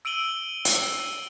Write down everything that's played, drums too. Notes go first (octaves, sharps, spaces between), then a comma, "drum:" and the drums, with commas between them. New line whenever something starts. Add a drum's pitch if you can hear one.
E6 D7 D#7 F#7 G7
drum: hi-hat